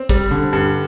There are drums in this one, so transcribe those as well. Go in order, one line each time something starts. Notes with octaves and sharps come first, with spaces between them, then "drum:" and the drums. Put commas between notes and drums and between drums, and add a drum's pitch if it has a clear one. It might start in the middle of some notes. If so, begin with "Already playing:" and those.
Already playing: C4
G3, drum: kick
D3
G2